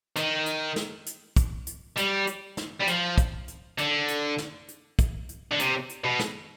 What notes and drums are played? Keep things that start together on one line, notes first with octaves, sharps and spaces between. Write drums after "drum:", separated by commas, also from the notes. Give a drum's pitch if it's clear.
D#3, drum: hi-hat
drum: hi-hat
drum: snare
drum: hi-hat
drum: kick, hi-hat
drum: hi-hat
G3, drum: hi-hat
drum: hi-hat
drum: snare
G3
F3, drum: hi-hat
drum: kick, hi-hat
drum: hi-hat
D3, drum: hi-hat
drum: hi-hat
drum: snare
drum: hi-hat
drum: kick, hi-hat
drum: hi-hat
D3
C3, drum: hi-hat
drum: hi-hat
B2
drum: snare